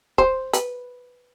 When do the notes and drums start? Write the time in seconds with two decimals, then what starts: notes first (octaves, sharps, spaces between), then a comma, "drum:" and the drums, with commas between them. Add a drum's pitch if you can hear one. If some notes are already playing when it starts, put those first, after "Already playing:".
0.18 C5, drum: kick
0.53 B4, drum: hi-hat